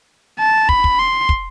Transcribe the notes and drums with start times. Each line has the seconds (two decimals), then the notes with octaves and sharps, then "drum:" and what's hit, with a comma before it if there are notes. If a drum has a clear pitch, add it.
0.39 A5
0.69 B5, drum: kick
0.84 drum: kick
0.99 C6
1.29 drum: kick